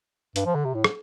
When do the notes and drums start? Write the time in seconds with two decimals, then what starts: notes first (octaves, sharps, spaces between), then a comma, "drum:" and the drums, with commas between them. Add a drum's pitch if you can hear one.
0.36 G2, drum: hi-hat
0.46 F3
0.55 D3
0.65 C3
0.74 A2
0.84 drum: rim click